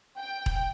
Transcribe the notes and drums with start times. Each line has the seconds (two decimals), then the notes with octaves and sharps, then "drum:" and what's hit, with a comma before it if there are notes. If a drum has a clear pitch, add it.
0.18 G5
0.46 drum: kick E1